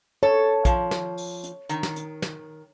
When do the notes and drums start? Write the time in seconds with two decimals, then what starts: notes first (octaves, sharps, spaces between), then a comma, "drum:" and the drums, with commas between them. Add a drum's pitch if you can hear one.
0.23 A4 C#5
0.65 F3, drum: kick, hi-hat
0.91 drum: snare
1.18 drum: open hi-hat
1.44 drum: hi-hat
1.69 D#3, drum: hi-hat
1.83 drum: snare
1.96 drum: hi-hat
2.22 drum: snare